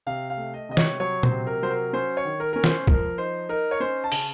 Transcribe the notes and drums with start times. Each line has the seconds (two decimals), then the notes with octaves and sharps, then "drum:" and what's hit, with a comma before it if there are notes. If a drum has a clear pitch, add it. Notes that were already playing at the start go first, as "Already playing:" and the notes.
0.06 C3 F5
0.30 F5
0.37 A3
0.54 D#5
0.69 C3 D#5
0.77 C#5, drum: snare
1.00 F#3 C#5
1.23 C5, drum: tom A#2
1.31 C3
1.47 A#4
1.63 F#3 C5
1.70 A#4
1.93 C#4 C5
2.17 C#5
2.25 D#3
2.40 A#4
2.53 C#4 A#4
2.64 C5, drum: snare
2.87 F3 A#4, drum: kick
3.18 D#4 C5
3.49 D#4 A#4
3.71 C#5
3.80 C#4 C5
4.04 A5
4.12 C#3, drum: open hi-hat